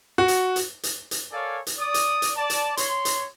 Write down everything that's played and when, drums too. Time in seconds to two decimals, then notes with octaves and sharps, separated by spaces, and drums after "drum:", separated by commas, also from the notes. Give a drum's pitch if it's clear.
0.18 F#4
0.28 drum: hi-hat
0.56 drum: hi-hat
0.83 drum: hi-hat
1.11 drum: hi-hat
1.33 A4 A#4 C#5 D5 F5 G#5
1.67 drum: hi-hat
1.79 D5 D#6
1.94 drum: hi-hat
2.22 drum: hi-hat
2.37 D5 A5
2.50 drum: hi-hat
2.77 C#5 C6, drum: hi-hat
3.05 drum: hi-hat